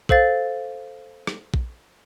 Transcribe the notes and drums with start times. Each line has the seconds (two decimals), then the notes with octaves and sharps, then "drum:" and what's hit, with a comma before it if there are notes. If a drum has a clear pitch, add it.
0.09 A4 C5 F5 A6, drum: kick A#1
1.27 drum: rim click
1.54 drum: kick A#1